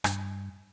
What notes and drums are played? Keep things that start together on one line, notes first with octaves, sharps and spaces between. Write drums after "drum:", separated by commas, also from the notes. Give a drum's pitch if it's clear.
G2, drum: rim click